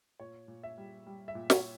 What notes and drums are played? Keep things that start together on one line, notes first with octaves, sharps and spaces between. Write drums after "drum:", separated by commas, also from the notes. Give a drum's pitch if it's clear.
A#2 C#5
A#2
E5
G3
G3
E5
A#2
C#5, drum: snare